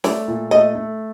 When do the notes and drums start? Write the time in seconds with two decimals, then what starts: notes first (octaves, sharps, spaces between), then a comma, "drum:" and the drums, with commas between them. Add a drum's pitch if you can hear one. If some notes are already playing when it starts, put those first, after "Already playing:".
0.04 A3 D5, drum: snare
0.28 A#2
0.51 A3 D#5
0.75 A3